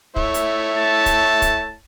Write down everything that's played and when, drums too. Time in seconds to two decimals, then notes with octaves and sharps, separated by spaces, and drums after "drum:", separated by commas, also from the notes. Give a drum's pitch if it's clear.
0.16 A3 E4 C#5, drum: kick
0.34 drum: hi-hat
0.78 A5
1.06 drum: kick, hi-hat
1.42 drum: kick, hi-hat